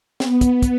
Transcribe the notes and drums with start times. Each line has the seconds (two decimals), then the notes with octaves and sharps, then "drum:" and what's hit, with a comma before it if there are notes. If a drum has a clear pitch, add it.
0.20 B3, drum: snare
0.41 drum: kick, hi-hat
0.62 drum: kick, hi-hat